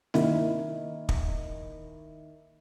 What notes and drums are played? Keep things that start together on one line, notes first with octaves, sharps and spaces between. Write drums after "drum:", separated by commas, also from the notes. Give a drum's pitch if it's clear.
D#3 A#3 E4, drum: snare C4
drum: kick